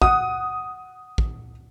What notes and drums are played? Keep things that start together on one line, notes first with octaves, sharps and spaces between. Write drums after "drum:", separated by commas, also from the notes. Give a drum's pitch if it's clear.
F#5 D#6, drum: kick
drum: kick